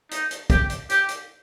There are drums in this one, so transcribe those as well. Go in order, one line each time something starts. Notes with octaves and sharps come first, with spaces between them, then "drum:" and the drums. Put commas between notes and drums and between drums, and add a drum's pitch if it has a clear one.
D#4, drum: hi-hat
drum: hi-hat
G4, drum: kick, hi-hat
drum: hi-hat
G4, drum: hi-hat
drum: hi-hat